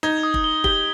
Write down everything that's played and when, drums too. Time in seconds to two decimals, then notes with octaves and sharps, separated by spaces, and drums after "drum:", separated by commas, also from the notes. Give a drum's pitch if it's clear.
0.03 D#4 G#6
0.23 D#6
0.34 drum: kick
0.44 G7
0.64 G4 G7, drum: kick